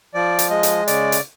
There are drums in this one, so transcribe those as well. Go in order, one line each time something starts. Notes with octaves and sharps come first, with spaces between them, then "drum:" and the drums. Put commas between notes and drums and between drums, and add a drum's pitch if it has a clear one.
F3 D5
drum: hi-hat
G#3 D#5
drum: hi-hat
C#3 D5, drum: hi-hat
drum: hi-hat